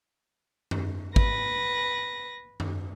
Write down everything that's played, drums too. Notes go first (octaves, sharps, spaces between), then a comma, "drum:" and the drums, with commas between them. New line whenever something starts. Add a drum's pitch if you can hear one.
drum: tom F#2
B4 A#6, drum: kick G#1
drum: tom F#2